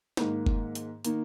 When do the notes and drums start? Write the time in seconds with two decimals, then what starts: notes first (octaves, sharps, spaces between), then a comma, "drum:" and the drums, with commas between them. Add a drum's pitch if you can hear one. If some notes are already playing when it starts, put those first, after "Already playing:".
0.17 G#2 D#3 A#3, drum: snare
0.47 drum: kick F#1
0.75 drum: hi-hat
1.05 D#3 A#3, drum: hi-hat